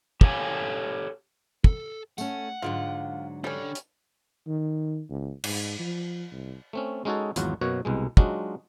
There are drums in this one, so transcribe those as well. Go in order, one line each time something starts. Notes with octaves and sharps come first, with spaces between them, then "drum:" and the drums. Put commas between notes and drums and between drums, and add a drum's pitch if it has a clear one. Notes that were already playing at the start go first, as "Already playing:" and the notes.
G4 A4 C#5 F5 G#5, drum: kick
A4, drum: kick
A3 C#4 F#5, drum: tambourine
G#2 D3 F#3 F4
G3 C#4 D4 A4
drum: hi-hat
D#3
C#2
G#2, drum: cymbal
F3
C2
A3 C4 C#4
G#3 C#4 D#4 F#4 G#4 A4
G#1 E2 F#3 F4 F#4 F#5, drum: hi-hat
F#2 B2 A#3 F#4 C#5 F#5
C2 B2 G#3
F#3 G#3 D4 D#4 F4 F#4, drum: kick